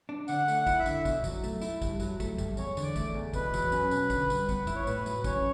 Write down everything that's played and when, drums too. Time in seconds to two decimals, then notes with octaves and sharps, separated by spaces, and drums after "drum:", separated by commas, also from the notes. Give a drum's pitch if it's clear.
0.09 D4
0.28 D3 F#5, drum: tambourine
0.48 A3, drum: tambourine
0.53 F#5
0.67 E4, drum: kick, tambourine
0.79 E5
0.86 D3, drum: tambourine
1.05 B2, drum: kick, tambourine
1.24 F#3, drum: kick, tambourine
1.44 A3, drum: tambourine
1.61 E4, drum: tambourine
1.82 G2, drum: kick, tambourine
2.00 F#3, drum: tambourine
2.20 A3, drum: kick, tambourine
2.38 G2, drum: kick, tambourine
2.57 E2 C#5, drum: tambourine
2.77 D3, drum: tambourine
2.83 D5
2.96 A3, drum: kick, tambourine
3.15 E2
3.34 B2 B4, drum: kick, tambourine
3.54 F#3, drum: kick, tambourine
3.72 C#4, drum: tambourine
3.91 B2, drum: tambourine
4.10 D3, drum: kick, tambourine
4.30 G3, drum: tambourine
4.49 B3, drum: kick, tambourine
4.67 E4, drum: kick, tambourine
4.76 C#5
4.87 A2 B4, drum: tambourine
5.06 F#3, drum: tambourine
5.24 C#4 C#5, drum: kick, tambourine